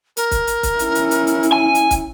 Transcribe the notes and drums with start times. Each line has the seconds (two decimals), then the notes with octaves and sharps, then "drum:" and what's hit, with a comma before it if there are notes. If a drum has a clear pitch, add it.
0.17 A#4, drum: hi-hat
0.31 drum: kick, hi-hat
0.47 drum: hi-hat
0.63 drum: kick, hi-hat
0.79 C#4 E4, drum: hi-hat
0.95 drum: hi-hat
1.11 drum: hi-hat
1.27 drum: hi-hat
1.43 drum: hi-hat
1.53 G#5
1.75 drum: hi-hat
1.91 drum: kick, hi-hat